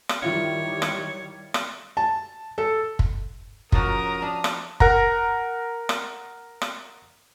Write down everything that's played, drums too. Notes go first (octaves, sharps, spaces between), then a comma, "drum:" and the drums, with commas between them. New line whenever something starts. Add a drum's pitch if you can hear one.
drum: rim click
D#3 G3 E4 F4 C#5
drum: rim click
drum: rim click
A5
A4
drum: kick
C#3 F3 F#4 A#4 A#5 D#6, drum: kick
D4
drum: rim click
A#4 F#5 A#5, drum: kick
drum: rim click
drum: rim click